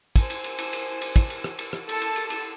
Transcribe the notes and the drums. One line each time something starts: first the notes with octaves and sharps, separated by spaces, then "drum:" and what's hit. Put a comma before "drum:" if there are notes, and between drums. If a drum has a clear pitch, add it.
C5 G#5, drum: kick, cymbal
drum: cymbal
drum: cymbal
drum: cymbal
drum: cymbal
drum: cymbal
drum: kick, cymbal
drum: cymbal
drum: rim click
drum: cymbal
drum: rim click
A4 A5, drum: cymbal
drum: cymbal
drum: cymbal
drum: cymbal